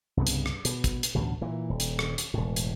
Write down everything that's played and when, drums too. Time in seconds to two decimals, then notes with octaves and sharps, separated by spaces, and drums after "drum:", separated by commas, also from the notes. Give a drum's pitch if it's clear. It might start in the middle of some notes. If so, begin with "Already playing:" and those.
0.17 C2 G2 C#3 B3
0.27 drum: hi-hat
0.46 drum: rim click
0.65 B2, drum: hi-hat
0.84 drum: kick, hi-hat
1.03 drum: hi-hat
1.15 A1 D2 B2
1.41 A#2 E3
1.70 D#1
1.80 drum: hi-hat
1.99 drum: rim click
2.18 drum: hi-hat
2.34 E1 A2
2.56 drum: hi-hat